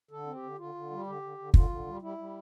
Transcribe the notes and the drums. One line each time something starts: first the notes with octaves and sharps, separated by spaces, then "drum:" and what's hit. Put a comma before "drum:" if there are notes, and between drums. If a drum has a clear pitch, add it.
D3 A4
C4
G4
D3
D3 F4
D3
G3
D3 G4
D3
D3
D3 F4, drum: kick
D3
G3
G3 E4
G3